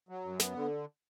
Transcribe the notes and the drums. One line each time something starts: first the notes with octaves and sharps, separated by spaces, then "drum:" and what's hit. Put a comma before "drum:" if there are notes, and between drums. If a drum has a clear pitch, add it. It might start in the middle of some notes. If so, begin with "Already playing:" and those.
F#3
F#2
B3, drum: snare
D3